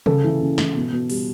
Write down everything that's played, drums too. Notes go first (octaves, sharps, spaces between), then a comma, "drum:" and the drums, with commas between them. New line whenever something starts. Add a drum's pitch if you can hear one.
C#3 A4, drum: tom
E3
C#3
E3, drum: snare
B2
B2
G3, drum: open hi-hat